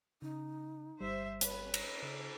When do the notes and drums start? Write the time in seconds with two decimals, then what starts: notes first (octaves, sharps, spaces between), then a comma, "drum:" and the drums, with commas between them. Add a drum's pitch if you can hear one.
0.22 C#3 D#4
1.01 G1 G3 C5 E5
1.41 B4 C#5, drum: hi-hat
1.74 drum: cymbal
2.02 C#3